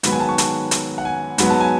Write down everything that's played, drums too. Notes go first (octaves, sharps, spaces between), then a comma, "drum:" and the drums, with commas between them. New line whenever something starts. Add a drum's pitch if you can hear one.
G#2 D#3 F#3 B3 B5, drum: hi-hat
G#5
A5
C#6
A5, drum: hi-hat
drum: hi-hat
F#5
G#5
G#2 F#3 B3 B5, drum: hi-hat
A5
G#5